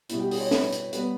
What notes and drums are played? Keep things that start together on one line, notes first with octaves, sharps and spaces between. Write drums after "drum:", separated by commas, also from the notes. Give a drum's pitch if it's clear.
B2 G3 B3 E4, drum: hi-hat
G4
G#4, drum: open hi-hat
C#5
B4, drum: snare
drum: hi-hat
G3 B3 B4, drum: hi-hat